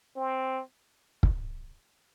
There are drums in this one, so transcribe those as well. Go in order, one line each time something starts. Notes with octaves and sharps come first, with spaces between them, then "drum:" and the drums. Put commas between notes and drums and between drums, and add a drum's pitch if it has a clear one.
C4
drum: kick